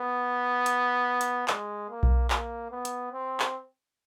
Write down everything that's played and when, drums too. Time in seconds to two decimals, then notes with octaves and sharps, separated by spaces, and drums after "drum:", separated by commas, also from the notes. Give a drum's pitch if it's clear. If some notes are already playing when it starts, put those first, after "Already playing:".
Already playing: B3
0.66 drum: hi-hat
1.21 drum: hi-hat
1.48 G#3, drum: clap
1.90 A#3
2.03 drum: kick B1
2.30 A#3, drum: clap
2.71 B3
2.85 drum: hi-hat
3.12 C4
3.40 drum: clap